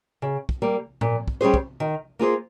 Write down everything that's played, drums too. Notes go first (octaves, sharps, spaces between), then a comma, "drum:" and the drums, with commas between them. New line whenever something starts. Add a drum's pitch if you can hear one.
C#3
drum: kick
G3 A#3
A#2, drum: tom G#2
drum: kick
G3 C#4 G#4 C5
drum: kick
D#3
A#3 F4 G#4 C5